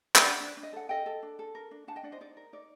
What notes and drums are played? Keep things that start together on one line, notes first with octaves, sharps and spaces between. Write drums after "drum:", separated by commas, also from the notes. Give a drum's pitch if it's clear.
G5, drum: clap
D4 D5 F#5
D4
D4
D#5
A4 F#5
A4 D#5 G5
A4
D4
A4
A#4
D4
D4 F#5 A5
D#5 G5
D4 D5 F#5
C5 D#5
D#4 D5
A#4
D#4 D5